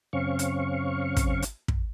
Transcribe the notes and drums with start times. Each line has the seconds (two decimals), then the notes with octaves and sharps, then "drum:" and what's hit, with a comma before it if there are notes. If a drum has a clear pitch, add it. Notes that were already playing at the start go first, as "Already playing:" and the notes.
0.13 F#2 C#3 C4 C#4 F5 C#6
0.39 drum: hi-hat
1.17 drum: kick, hi-hat
1.42 drum: hi-hat
1.68 drum: kick